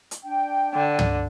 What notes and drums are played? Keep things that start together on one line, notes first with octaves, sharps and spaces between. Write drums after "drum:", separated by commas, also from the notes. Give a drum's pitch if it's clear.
drum: hi-hat
D4 G5
D3
drum: tom